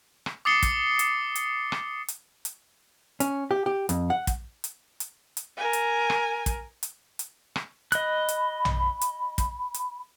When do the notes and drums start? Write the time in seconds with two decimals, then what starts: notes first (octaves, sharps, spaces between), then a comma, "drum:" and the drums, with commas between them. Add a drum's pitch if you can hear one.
0.26 drum: rim click
0.45 D6 D#6 A6 C7 C#7 G7
0.63 drum: kick, hi-hat
0.99 drum: hi-hat
1.35 drum: hi-hat
1.72 drum: rim click
2.08 drum: hi-hat
2.45 drum: hi-hat
3.20 C#4, drum: hi-hat
3.51 G4
3.66 G4
3.89 F2, drum: hi-hat
4.10 F#5
4.27 drum: kick, hi-hat
4.64 drum: hi-hat
5.00 drum: hi-hat
5.37 drum: hi-hat
5.57 A#4 G#5
5.73 drum: hi-hat
6.10 drum: rim click
6.46 drum: kick, hi-hat
6.83 drum: hi-hat
7.19 drum: hi-hat
7.56 drum: rim click
7.92 D#5 B5 F#6, drum: hi-hat
8.29 drum: hi-hat
8.65 drum: tom A#1
9.01 drum: hi-hat
9.38 drum: kick, hi-hat
9.74 drum: hi-hat